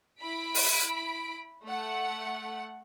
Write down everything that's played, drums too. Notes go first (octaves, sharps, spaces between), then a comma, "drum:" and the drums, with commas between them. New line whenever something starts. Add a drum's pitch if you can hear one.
E4 B5 B6 D7
drum: open hi-hat
A3 F#5